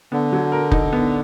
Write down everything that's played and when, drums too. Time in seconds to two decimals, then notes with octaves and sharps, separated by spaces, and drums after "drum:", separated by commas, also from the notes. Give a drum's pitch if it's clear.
0.12 D3 B3
0.33 F#3
0.52 A#4
0.71 D#4, drum: kick
0.93 B3